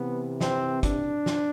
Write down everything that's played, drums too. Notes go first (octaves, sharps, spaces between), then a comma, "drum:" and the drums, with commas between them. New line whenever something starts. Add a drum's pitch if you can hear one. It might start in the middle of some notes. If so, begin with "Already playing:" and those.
Already playing: C3 E3 B3
C4, drum: snare
D4, drum: kick, hi-hat
drum: snare